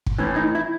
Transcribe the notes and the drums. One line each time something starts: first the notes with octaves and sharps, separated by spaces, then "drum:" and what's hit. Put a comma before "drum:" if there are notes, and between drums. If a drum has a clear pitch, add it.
drum: kick
A2 E3 C#4
D#4
E4